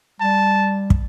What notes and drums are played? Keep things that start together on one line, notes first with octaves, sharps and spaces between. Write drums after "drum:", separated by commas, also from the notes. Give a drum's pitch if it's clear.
G3 A5
drum: kick